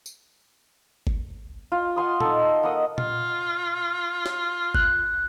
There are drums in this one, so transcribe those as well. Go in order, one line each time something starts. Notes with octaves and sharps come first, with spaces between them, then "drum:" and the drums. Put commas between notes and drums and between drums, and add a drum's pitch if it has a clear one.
drum: tambourine
drum: kick G1
F4
F#5 G#5 C6 D#6
D#4 A4, drum: tom A#2
A#3 D#5 F#5 D#6
F4, drum: tom A#2
drum: snare
F#6, drum: kick G1